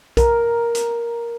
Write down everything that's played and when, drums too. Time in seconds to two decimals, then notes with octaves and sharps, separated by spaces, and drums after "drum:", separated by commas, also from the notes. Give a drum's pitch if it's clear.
0.17 A#4, drum: kick B1, hi-hat
0.75 drum: hi-hat